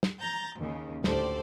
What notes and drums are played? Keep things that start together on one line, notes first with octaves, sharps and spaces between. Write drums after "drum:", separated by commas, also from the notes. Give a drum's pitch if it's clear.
drum: snare
A#5 G6 A6
D#2 C#3
D2 A2 G4 A4 C5 D5, drum: snare